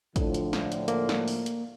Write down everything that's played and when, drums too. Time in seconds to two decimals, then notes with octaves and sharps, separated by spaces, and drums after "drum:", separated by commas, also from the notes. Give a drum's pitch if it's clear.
0.16 A2 D3 F3, drum: kick, hi-hat
0.34 drum: hi-hat
0.53 drum: snare
0.72 drum: hi-hat
0.88 A#3, drum: hi-hat
1.09 drum: snare
1.28 drum: open hi-hat
1.46 drum: hi-hat